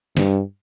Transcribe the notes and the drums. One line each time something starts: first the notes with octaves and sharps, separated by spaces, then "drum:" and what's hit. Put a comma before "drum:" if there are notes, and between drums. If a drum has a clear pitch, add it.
G2, drum: snare